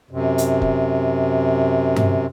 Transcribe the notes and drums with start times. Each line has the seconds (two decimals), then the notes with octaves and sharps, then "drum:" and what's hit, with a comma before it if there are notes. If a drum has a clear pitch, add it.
0.11 F#2 C3
0.38 drum: hi-hat
0.62 drum: kick F1
1.96 drum: tom G2